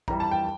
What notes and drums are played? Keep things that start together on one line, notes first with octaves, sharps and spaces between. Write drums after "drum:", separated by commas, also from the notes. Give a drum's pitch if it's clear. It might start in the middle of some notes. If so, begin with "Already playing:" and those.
F2 E3 G3 A#5, drum: kick
A5
G5